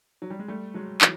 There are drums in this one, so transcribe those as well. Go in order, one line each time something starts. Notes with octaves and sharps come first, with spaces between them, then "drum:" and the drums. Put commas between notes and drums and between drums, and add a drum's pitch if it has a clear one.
F#3
G3
G#3
G3 A3
F#3 G#3
E3 F#3, drum: clap